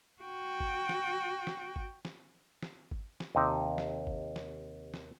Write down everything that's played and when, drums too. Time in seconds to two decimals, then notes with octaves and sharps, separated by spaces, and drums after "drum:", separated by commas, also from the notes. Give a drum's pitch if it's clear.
0.22 F#4 G5
0.60 drum: kick G#1
0.89 drum: snare
1.47 drum: snare
1.76 drum: kick G#1
2.05 drum: snare
2.63 drum: snare
2.91 drum: kick G#1
3.20 drum: snare
3.35 D#2 C3 D#4
3.78 drum: snare
4.07 drum: kick G#1
4.36 drum: snare
4.94 drum: snare